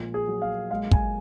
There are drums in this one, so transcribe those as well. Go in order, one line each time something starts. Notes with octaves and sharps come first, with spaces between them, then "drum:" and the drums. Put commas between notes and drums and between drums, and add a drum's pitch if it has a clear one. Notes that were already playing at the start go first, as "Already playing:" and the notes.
Already playing: A#2 F3 G#3
G#4
F#3
F5
G#3 F5
G#5, drum: kick